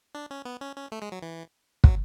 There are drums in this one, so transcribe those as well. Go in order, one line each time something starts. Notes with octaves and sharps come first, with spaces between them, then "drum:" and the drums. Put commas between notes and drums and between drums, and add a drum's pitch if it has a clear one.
D4
C#4
B3
C#4
C#4
A3
G#3
F#3
E3
F#3, drum: kick